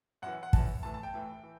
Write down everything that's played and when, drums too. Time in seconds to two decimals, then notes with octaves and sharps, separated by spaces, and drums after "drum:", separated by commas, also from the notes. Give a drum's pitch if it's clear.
0.22 F#2 E3 F#5
0.43 F#5
0.53 F#2 E3 A5, drum: kick
0.83 A2 E3 A5
0.94 A5
1.03 G5
1.14 A2 E3
1.43 E3